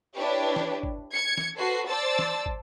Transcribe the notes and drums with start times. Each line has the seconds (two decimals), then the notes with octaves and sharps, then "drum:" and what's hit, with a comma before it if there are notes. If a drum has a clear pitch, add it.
0.16 D4 E4 G4 B4 C#5
0.56 drum: snare
0.83 drum: kick
1.13 G#6 C#7
1.37 drum: snare
1.58 F#4 A4 B4 C5 C7
1.88 C5 D5 A5 E6 A6
2.19 drum: snare
2.46 drum: kick